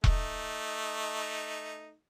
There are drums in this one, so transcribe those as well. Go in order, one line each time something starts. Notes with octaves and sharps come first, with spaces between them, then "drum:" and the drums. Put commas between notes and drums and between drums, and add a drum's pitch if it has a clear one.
A3 D#4, drum: kick E1